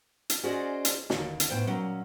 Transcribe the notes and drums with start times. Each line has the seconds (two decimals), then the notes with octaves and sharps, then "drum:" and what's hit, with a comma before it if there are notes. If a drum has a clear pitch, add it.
0.30 drum: hi-hat
0.44 C#4 F#4 G#4 C5 D5 D#5
0.85 drum: hi-hat
1.10 D#2 D3, drum: snare
1.40 drum: hi-hat
1.50 A2 B3 C5 G5
1.67 A#2 F#3 C#4